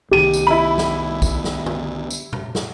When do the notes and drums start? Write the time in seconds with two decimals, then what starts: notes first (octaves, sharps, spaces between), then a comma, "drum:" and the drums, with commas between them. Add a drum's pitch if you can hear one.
0.11 C2 D#3 G4 D#7
0.34 drum: tambourine
0.47 E4 B5
0.78 drum: snare
1.22 drum: kick, tambourine
1.44 drum: snare
1.66 drum: tom
2.10 drum: tambourine
2.33 drum: tom A#2
2.55 drum: snare